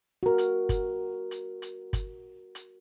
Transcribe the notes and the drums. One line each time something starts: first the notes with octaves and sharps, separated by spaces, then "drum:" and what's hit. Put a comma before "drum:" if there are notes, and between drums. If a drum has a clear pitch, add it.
F#4 A#4
drum: hi-hat
drum: kick G1, hi-hat
drum: hi-hat
drum: hi-hat
drum: kick G1, hi-hat
drum: hi-hat